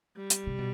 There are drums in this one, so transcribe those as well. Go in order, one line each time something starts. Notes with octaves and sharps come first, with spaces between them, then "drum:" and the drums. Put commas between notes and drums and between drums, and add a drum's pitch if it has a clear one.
G3
drum: hi-hat
C3
B2